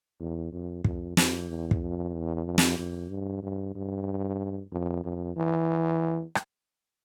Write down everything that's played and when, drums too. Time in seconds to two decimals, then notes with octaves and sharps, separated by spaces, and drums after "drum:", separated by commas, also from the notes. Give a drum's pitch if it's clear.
0.20 E2
0.52 F2
0.84 F2, drum: kick
1.17 F2, drum: snare
1.49 E2
1.71 drum: kick
1.82 F2
2.14 E2
2.46 F2
2.58 drum: snare
2.78 F2
3.10 G2
3.43 G2
3.75 G2
4.72 F2
5.04 F2
5.36 E3
6.35 drum: rim click